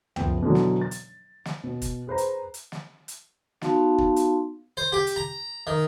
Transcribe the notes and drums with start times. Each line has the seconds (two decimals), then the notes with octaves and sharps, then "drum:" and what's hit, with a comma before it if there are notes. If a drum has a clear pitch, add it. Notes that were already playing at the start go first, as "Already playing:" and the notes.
0.16 F#1 F3 B3 G5, drum: tom
0.43 B2 D3 E3 F#3
0.55 drum: snare
0.81 A6
0.91 drum: hi-hat
1.45 drum: snare
1.64 B2
1.82 drum: kick, hi-hat
2.07 G#4 B4 C5 A#5
2.18 drum: hi-hat
2.54 drum: hi-hat
2.72 drum: snare
3.08 drum: hi-hat
3.62 B3 D#4 F#4 F5 A5 C6, drum: snare
3.98 drum: kick
4.16 drum: hi-hat
4.77 C5
4.92 G4
5.07 drum: hi-hat
5.16 A#5
5.67 D#3